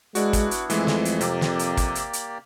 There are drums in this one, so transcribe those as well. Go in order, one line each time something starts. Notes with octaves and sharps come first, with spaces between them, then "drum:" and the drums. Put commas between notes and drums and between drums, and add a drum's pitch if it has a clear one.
G#3 B3 D4 E4 F#4 D5, drum: hi-hat
drum: kick, hi-hat
drum: hi-hat
F2 E3 G#3 A3, drum: hi-hat
drum: snare
drum: hi-hat
C3 A#3 G4 D5, drum: hi-hat
drum: snare
drum: hi-hat
drum: kick, hi-hat
drum: hi-hat
drum: hi-hat